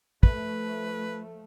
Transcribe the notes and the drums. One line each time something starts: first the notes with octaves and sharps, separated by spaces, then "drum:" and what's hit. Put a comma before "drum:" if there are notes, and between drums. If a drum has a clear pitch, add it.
F3 A3 B4, drum: kick